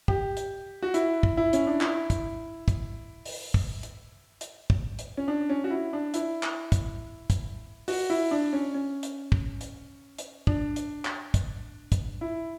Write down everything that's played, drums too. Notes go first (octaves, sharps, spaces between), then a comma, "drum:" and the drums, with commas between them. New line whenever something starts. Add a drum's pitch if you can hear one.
G4, drum: kick
drum: hi-hat
F#4
E4, drum: hi-hat
drum: kick
E4
C#4, drum: hi-hat
D4
E4, drum: clap
drum: kick, hi-hat
drum: kick, hi-hat
drum: open hi-hat
drum: kick
drum: hi-hat
drum: hi-hat
drum: kick
drum: hi-hat
C#4
D4
C#4
F#4
E4
D4
E4, drum: hi-hat
drum: clap
drum: kick, hi-hat
drum: kick, hi-hat
F#4, drum: open hi-hat
E4
D4
C#4
C#4
drum: hi-hat
drum: kick
drum: hi-hat
drum: hi-hat
D4, drum: kick
drum: hi-hat
drum: clap
drum: kick, hi-hat
drum: kick, hi-hat
E4